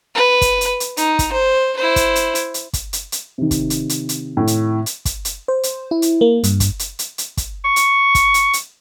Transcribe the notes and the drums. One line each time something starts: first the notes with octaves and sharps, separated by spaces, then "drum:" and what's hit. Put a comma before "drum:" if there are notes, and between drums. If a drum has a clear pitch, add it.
B4
drum: kick, hi-hat
drum: hi-hat
drum: hi-hat
D#4, drum: hi-hat
drum: kick, hi-hat
C5
E4 C5
drum: kick, hi-hat
drum: hi-hat
drum: hi-hat
drum: hi-hat
drum: kick, hi-hat
drum: hi-hat
drum: hi-hat
C3 D#3
drum: kick, hi-hat
drum: hi-hat
drum: hi-hat
drum: hi-hat
A2
drum: hi-hat
drum: hi-hat
drum: kick, hi-hat
drum: hi-hat
C5
drum: hi-hat
E4
drum: hi-hat
A#3
G2, drum: hi-hat
drum: kick, hi-hat
drum: hi-hat
drum: hi-hat
drum: hi-hat
drum: kick, hi-hat
C#6
drum: hi-hat
drum: kick, hi-hat
drum: hi-hat
drum: hi-hat